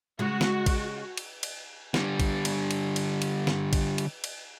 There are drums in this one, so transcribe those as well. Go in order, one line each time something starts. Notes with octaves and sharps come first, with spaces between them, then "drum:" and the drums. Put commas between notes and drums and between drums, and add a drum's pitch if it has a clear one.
C#3 G#3 F#4
drum: snare
drum: kick, cymbal
drum: cymbal
drum: cymbal
D3 G3, drum: snare
drum: kick, cymbal
drum: cymbal
drum: cymbal
drum: cymbal
drum: cymbal
drum: snare
drum: kick, cymbal
drum: cymbal
drum: cymbal